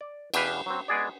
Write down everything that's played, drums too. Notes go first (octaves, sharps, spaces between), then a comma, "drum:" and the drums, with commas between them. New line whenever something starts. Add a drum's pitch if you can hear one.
D5
E2 B2 G4 B4 F5, drum: cymbal
F#3 C4
G#3 B3 G#4 D5